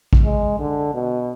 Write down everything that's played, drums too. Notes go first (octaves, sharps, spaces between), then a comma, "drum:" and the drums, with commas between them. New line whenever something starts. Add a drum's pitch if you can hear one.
drum: kick
G#3
D3
B2